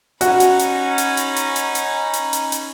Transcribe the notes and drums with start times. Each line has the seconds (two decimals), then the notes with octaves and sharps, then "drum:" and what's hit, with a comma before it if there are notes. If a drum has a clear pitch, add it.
0.21 C#4 D#4 F#4 B5, drum: hi-hat
0.40 drum: hi-hat
0.59 drum: hi-hat
0.98 drum: hi-hat
1.17 drum: hi-hat
1.36 drum: hi-hat
1.56 drum: hi-hat
1.75 drum: hi-hat
2.13 drum: hi-hat
2.33 drum: hi-hat
2.52 drum: hi-hat